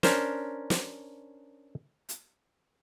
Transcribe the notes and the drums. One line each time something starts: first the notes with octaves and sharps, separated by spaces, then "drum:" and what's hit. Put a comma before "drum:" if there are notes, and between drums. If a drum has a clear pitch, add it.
C#4 D4 A#4 C5, drum: snare
drum: snare
drum: hi-hat